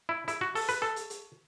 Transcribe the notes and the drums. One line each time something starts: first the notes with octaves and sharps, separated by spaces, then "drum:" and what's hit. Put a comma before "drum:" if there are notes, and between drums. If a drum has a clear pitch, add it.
E4
E4, drum: hi-hat
F#4
A4, drum: open hi-hat
B4, drum: hi-hat
A4
drum: hi-hat
drum: hi-hat